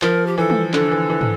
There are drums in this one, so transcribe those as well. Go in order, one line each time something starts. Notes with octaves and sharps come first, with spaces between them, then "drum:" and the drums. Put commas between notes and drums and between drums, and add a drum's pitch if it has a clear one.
F3 A#4, drum: clap
G4
E3 A4
drum: tom
D3 A4, drum: clap
E3
E3
drum: tom